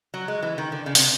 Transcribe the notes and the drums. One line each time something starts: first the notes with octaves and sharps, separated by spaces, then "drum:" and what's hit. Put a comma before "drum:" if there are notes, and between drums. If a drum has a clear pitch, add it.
F#3
G#3
E3
D#3
D3
C#3
C3, drum: open hi-hat